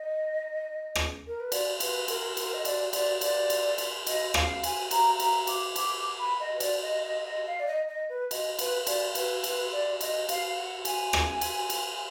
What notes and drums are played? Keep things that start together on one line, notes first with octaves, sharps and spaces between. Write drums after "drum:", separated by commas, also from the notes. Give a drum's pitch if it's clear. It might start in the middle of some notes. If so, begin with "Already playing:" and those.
Already playing: D#5
drum: rim click
A#4
B4
D5, drum: cymbal
B4, drum: cymbal
A#4, drum: cymbal
A#4, drum: cymbal
D#5
D5, drum: cymbal
D5, drum: cymbal
D5, drum: cymbal
drum: cymbal
drum: cymbal
D#5, drum: cymbal
F5, drum: rim click
G#5, drum: cymbal
A#5, drum: cymbal
A#5, drum: cymbal
D6, drum: cymbal
D6, drum: cymbal
D6
B5
D#5
B4
D5, drum: cymbal
D#5
D#5
D#5
F5
D5
D#5
D#5
B4
D#5, drum: cymbal
B4, drum: cymbal
D5, drum: cymbal
B4, drum: cymbal
B4, drum: cymbal
D5
D#5, drum: cymbal
F5, drum: cymbal
F#5
G#5, drum: cymbal
drum: rim click
drum: cymbal
drum: cymbal